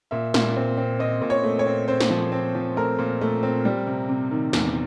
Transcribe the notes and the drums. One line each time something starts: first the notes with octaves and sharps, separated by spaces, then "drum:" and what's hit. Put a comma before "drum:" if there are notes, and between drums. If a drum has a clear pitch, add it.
A#2 E5
A#2, drum: snare
C4
C4
C4 D#5
A#2
C#5
A3
C#5
C4
C4 C5
drum: snare
F3
C4
F3
A3 A#4
A#2
A3
C4
G3
C3
C3
D#3
E2, drum: snare